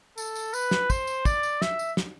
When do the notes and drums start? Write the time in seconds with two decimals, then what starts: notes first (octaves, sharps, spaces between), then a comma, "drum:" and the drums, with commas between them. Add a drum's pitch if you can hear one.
0.18 A4, drum: tambourine
0.35 drum: tambourine
0.54 B4, drum: tambourine
0.71 drum: snare
0.90 C5, drum: kick, tambourine
1.07 drum: tambourine
1.25 D5, drum: kick, tambourine
1.43 drum: tambourine
1.62 E5, drum: snare
1.79 drum: tambourine
1.97 drum: snare